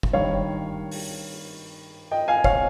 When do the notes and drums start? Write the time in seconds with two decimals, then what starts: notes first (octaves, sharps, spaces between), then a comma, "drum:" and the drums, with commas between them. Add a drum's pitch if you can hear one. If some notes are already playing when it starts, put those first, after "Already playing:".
0.03 drum: kick F#1
0.13 G2 D#3 C#5 F5
0.91 drum: open hi-hat
2.11 D#5 G5
2.28 F5 G#5
2.44 C#5 F5, drum: kick F#1